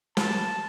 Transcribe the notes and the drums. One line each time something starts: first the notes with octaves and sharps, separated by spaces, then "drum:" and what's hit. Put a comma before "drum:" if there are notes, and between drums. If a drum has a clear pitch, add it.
A5, drum: snare